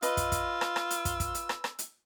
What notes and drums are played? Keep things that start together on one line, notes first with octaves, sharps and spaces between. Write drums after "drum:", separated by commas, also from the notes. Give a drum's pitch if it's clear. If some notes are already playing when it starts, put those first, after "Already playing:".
F4 B4 D#5 E6, drum: hi-hat
drum: kick, hi-hat
drum: kick, hi-hat
drum: rim click
drum: rim click
drum: hi-hat
drum: kick, hi-hat
drum: kick, hi-hat
drum: hi-hat
drum: rim click
drum: rim click
drum: hi-hat